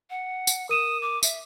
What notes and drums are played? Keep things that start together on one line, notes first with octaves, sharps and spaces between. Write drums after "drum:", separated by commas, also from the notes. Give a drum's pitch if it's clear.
F#5
drum: tambourine
A#4 D#6 D#7 E7
D6
E5, drum: tambourine